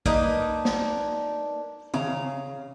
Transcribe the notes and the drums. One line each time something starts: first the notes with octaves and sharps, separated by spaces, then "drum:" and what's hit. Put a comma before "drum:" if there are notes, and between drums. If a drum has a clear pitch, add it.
A#3 D4 D#4 B4, drum: kick
drum: snare
C#3 F5 A#5, drum: tom D#3